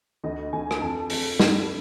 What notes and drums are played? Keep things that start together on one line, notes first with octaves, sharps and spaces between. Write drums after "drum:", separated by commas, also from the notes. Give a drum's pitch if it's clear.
D2 D#5
D2 G#5
G#5, drum: rim click
F2 A5
F2, drum: open hi-hat
G2, drum: snare